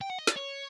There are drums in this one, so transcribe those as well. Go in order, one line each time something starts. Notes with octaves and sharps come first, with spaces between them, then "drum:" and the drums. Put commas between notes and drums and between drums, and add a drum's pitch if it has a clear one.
G5
F#5
D#5
D5, drum: snare
C#5